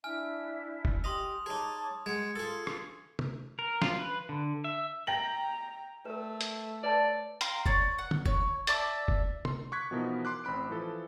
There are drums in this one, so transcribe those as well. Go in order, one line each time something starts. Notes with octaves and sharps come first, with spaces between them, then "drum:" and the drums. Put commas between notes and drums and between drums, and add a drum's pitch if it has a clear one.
D4 E4 E5 G#5 F6
drum: kick F1
G4 D#5 C6 D#6 F7
D#4 G#4 C#5 A5 D6
G#3 G#4 F#5 G#6 C#7
F4 G#4 A4 C6
drum: rim click
drum: tom
A#4
F4, drum: snare
B4
D3
E5
G5 A#5 A#6 F#7
A3 A#4 B4
drum: hi-hat
B4 C#5 D5 A5
F5 G5 A#5 C6, drum: hi-hat
C#5 D5, drum: kick F1
F#5
drum: tom
C#5, drum: kick F1
D5 E5 A5 D6, drum: hi-hat
drum: kick F1
C6, drum: tom
C#6 D6 F#6 G#6 B6
B2 E3 F3 B3 D#4 A#4
C6 D6 F#6
A1 C4 B5 F#6 D7
E3 F3 A4